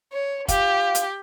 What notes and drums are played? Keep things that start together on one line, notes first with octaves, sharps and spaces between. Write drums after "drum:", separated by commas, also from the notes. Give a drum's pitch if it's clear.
C#5
F4 G4, drum: kick, hi-hat
drum: hi-hat